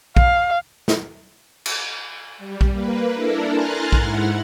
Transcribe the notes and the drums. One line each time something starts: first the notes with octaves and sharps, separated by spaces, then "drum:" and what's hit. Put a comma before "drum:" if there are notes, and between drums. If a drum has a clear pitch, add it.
F5, drum: kick A#1
drum: snare
drum: cymbal
G3
drum: kick A#1
A#3 B4
D4 E4 A4 A#4
G#5 A#5 C6 F6 F#6 A6
G#2 E4 F#5, drum: kick A#1